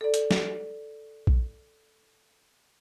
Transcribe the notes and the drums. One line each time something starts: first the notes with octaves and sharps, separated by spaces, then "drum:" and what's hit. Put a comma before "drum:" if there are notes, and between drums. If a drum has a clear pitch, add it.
A4 D5
drum: hi-hat
drum: snare
drum: kick A#1